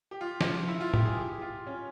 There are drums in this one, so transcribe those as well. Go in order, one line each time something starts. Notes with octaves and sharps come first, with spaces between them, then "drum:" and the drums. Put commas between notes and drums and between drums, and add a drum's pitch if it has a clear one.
G4
F4
drum: snare
E4
F4
G4, drum: tom
G#4
G4
F4
C#4